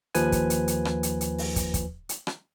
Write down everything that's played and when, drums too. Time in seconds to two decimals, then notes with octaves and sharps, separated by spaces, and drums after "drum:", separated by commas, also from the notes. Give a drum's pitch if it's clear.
0.15 D#2 F3 B4 G#5, drum: hi-hat
0.32 drum: kick, hi-hat
0.50 drum: hi-hat
0.68 drum: hi-hat
0.85 drum: rim click
1.03 drum: hi-hat
1.21 drum: hi-hat
1.38 drum: open hi-hat
1.56 drum: kick, hi-hat
1.74 drum: kick, hi-hat
2.09 drum: hi-hat
2.27 drum: rim click